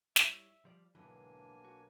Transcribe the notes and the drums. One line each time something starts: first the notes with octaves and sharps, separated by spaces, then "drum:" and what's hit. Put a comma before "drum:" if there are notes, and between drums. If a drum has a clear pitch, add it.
G3 E4 C#5 E5, drum: snare
F3 G3 D5
B1 G#2 D3 E3 A#3 D4 G#5
F#4